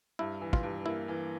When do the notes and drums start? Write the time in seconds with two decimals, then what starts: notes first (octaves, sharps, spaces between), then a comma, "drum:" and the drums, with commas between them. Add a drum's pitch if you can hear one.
0.19 G2 E4
0.41 E3
0.53 F4, drum: kick
0.63 G2
0.86 A#3 E4
1.08 E3